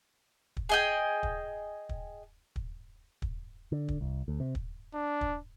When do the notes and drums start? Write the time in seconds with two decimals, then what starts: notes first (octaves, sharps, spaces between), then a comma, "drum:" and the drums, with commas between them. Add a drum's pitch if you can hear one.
0.57 drum: kick
0.69 G#4 D#5 G5
1.23 drum: kick
1.89 drum: kick
2.56 drum: kick
3.22 drum: kick
3.72 D3
3.88 drum: kick
4.01 C2
4.28 D2
4.40 C3
4.55 drum: kick
4.94 D4
5.21 drum: kick